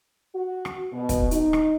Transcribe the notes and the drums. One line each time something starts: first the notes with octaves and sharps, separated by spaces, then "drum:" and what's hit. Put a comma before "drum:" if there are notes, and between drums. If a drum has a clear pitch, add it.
F#4
drum: rim click
B2
drum: kick, hi-hat
D#4, drum: hi-hat
drum: rim click